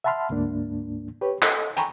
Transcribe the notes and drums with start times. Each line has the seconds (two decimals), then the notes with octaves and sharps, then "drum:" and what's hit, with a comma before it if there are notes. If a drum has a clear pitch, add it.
0.04 E5 F#5 A5 B5 C6 F6
0.30 D2 G#2 A#3 D4
1.21 G4 B4 C#5
1.42 A4 D#5, drum: clap
1.77 G5 G#5 A#5 B5 C#6, drum: hi-hat